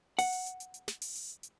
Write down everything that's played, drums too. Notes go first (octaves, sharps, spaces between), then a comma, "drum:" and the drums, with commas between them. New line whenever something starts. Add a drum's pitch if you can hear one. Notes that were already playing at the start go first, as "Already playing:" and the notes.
F#5, drum: open hi-hat
drum: hi-hat
drum: hi-hat
drum: hi-hat
drum: hi-hat
drum: snare
drum: open hi-hat
drum: hi-hat
drum: hi-hat